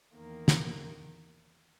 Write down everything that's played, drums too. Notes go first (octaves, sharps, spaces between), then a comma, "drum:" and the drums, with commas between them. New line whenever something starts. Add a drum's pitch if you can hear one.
E2 D#3 A#3
drum: snare